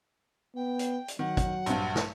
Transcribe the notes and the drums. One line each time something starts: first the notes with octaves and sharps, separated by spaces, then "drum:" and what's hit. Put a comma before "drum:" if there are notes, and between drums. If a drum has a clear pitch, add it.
B3 G5
drum: hi-hat
drum: hi-hat
D#3 F#3 F#5
drum: kick, hi-hat
A#1 G2, drum: hi-hat
drum: snare